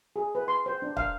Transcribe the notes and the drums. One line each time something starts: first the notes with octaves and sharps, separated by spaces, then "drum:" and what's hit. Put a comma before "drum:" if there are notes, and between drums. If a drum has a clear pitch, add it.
G#4
B4
C6
C5
D4
F5, drum: kick